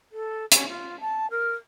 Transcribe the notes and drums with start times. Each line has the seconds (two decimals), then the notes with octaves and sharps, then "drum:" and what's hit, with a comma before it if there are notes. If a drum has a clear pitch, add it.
0.12 A4
0.52 C#4, drum: hi-hat
0.69 F4
1.00 A5
1.31 A#4